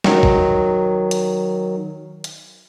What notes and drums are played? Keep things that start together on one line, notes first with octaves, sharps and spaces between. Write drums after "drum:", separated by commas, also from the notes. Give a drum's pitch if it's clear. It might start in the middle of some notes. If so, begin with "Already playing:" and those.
D#3 F#3, drum: snare
drum: kick
drum: hi-hat
drum: hi-hat